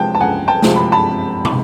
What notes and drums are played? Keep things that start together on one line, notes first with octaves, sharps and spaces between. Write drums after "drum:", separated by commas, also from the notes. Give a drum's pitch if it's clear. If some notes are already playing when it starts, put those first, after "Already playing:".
Already playing: C3 F3 G#3 G5 A5
A5
C#2 F#5 G#5
G5 A5
C3 F3 G#3, drum: snare
B5
A5 B5
drum: tom